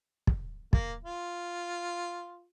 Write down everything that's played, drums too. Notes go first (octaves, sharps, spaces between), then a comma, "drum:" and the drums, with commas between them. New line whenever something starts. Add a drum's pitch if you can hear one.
drum: kick
A#3, drum: kick
F4